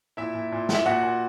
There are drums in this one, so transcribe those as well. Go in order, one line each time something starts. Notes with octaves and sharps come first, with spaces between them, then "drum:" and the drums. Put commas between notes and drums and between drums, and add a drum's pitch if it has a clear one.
A#2 E4 E5
A#2
A#2
A#2, drum: snare
E5
A#2 F#4 F#5
A#2